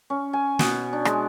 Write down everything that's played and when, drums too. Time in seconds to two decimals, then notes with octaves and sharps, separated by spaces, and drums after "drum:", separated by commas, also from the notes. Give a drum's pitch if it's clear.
0.10 C#4
0.33 G#5
0.59 B2, drum: snare
0.93 D4
1.05 G#3, drum: rim click